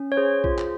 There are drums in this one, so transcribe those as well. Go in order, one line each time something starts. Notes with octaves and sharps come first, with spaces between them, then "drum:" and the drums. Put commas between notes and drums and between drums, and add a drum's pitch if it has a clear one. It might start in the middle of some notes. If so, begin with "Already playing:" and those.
Already playing: C#4
C#5
G#4 C5
F4, drum: kick A#1
drum: clap